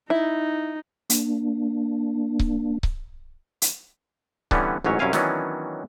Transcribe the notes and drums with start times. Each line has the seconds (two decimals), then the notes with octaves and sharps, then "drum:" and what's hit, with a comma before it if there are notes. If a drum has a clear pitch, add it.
0.10 D#4 E4
1.10 A#3 D4, drum: hi-hat
2.39 drum: kick C#1
2.83 drum: kick C#1
3.62 drum: hi-hat
4.51 D3 E3 G3 B3 C#4, drum: kick C#1
4.84 A1 G#2 F#3 C#4 C#5
4.99 C2 F#2 C#4 E4 F5 G#5
5.13 D#3 E3 F#3 B3 C#4 D4, drum: snare